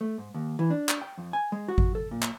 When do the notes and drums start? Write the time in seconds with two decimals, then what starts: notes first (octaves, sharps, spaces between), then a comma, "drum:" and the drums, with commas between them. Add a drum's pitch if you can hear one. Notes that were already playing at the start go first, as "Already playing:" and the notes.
0.01 A3
0.18 G#2
0.34 D#2
0.59 E3
0.70 D4
0.89 drum: clap
1.02 G5
1.18 F2
1.33 G#5
1.52 G#3
1.68 F#4
1.78 drum: kick G#1
1.95 A4
2.11 A#2
2.22 drum: clap